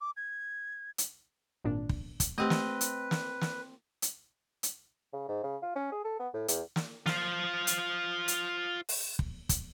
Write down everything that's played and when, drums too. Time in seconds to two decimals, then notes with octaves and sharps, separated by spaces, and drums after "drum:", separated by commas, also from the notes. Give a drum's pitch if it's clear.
0.01 D6
0.17 G#6
0.98 drum: hi-hat
1.64 G#1 A#2 D4
1.89 drum: kick
2.20 drum: kick, hi-hat
2.38 A3 C4 G4 B4 D#5
2.50 drum: snare
2.81 drum: hi-hat
3.11 drum: snare
3.41 drum: snare
4.02 drum: hi-hat
4.63 drum: hi-hat
5.13 C#3
5.29 G#2
5.43 C#3
5.62 F4
5.76 C#4
5.92 G#4
6.04 A4
6.20 B3
6.34 A2
6.48 E2, drum: hi-hat
6.76 drum: snare
7.06 F4 C5, drum: snare
7.67 drum: hi-hat
8.28 drum: hi-hat
8.89 drum: open hi-hat
9.19 drum: kick
9.49 drum: kick, hi-hat